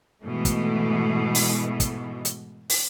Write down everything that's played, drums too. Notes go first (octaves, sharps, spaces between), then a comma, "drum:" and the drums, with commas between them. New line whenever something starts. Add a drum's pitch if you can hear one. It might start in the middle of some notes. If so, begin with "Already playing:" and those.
G#2 B2 E3 A3
drum: kick, hi-hat
drum: open hi-hat
drum: kick, hi-hat
drum: hi-hat
drum: open hi-hat